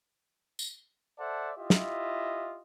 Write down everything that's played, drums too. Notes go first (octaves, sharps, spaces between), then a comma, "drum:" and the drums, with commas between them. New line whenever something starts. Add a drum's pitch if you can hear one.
drum: tambourine
A4 C5 D5 E5 F#5 A5
E4 F4 G4 D#5 E5
drum: snare